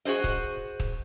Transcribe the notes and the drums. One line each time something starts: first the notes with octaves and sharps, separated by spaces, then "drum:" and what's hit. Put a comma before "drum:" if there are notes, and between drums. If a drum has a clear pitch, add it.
F#4 G#4 C5 D#5
drum: kick
drum: kick